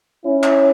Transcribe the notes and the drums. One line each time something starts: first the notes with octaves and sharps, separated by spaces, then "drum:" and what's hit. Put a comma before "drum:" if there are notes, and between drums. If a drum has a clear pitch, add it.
C#4 E4
drum: clap